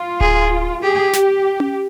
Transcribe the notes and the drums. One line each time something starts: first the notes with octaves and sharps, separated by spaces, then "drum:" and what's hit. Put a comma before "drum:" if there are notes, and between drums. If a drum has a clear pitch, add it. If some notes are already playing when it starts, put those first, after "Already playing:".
Already playing: F4
G#4, drum: kick D1
G4 G#4
G4, drum: snare
drum: tom C#4